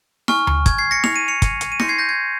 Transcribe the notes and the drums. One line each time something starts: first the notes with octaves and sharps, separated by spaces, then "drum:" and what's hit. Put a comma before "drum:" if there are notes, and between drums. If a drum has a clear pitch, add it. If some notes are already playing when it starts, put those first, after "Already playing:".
G#5 C#6 F6, drum: snare
drum: tom D2
G#6, drum: kick, hi-hat
G#6 C7
A#6 C#7
F7, drum: snare
D#7
C#7 F7
drum: kick, hi-hat
drum: hi-hat
D#7
C6 G6 A#6 C#7, drum: snare
G#6 C7
G6 A#6
G#6